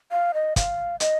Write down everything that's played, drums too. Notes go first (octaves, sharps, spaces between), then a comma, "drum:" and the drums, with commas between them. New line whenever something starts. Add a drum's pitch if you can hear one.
F5
D#5
F5, drum: kick, hi-hat
D#5, drum: hi-hat